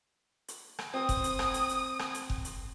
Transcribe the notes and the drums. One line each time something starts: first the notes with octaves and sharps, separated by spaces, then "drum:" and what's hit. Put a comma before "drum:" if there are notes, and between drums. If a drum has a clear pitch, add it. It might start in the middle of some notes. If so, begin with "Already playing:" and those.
drum: hi-hat
drum: rim click
C4 D#6
drum: kick F1, hi-hat
drum: hi-hat
drum: rim click
drum: hi-hat
drum: hi-hat
drum: rim click
drum: hi-hat
drum: kick F1
drum: hi-hat